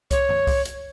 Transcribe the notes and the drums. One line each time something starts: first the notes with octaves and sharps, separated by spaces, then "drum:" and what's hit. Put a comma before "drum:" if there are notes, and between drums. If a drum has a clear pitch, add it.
C#5, drum: kick C2, hi-hat
drum: tom G2
drum: kick C2, open hi-hat
drum: hi-hat